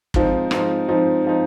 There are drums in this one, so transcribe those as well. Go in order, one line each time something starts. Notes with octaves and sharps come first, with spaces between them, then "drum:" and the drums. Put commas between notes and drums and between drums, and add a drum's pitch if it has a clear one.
G#2 F3 C4 D#4, drum: kick
G#2 F3 C4 D#4, drum: rim click
G#2 F3 C4 D#4
F3 C4 D#4